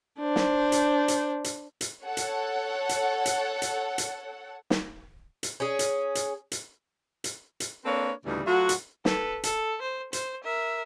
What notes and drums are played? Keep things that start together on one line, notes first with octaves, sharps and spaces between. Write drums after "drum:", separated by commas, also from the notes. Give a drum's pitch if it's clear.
D4 C5
drum: snare
drum: hi-hat
drum: hi-hat
drum: hi-hat
drum: hi-hat
A4 C#5 F#5
drum: hi-hat
drum: hi-hat
drum: hi-hat
drum: hi-hat
drum: hi-hat
drum: snare
drum: hi-hat
C#4 G#4
drum: hi-hat
drum: hi-hat
drum: hi-hat
drum: hi-hat
drum: hi-hat
A#3 C4 D4 A4 B4 C#5
D2 A2 C#3 E3 G3 D#4
F#3 A3 F4 F#4
drum: hi-hat
A4 B4, drum: snare
A4, drum: hi-hat
C5
C5, drum: hi-hat
A#4 E5